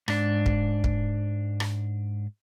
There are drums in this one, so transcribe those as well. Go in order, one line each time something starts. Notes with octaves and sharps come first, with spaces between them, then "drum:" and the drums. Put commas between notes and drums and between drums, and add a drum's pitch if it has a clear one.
G#2 D4, drum: rim click
drum: kick
drum: kick
drum: rim click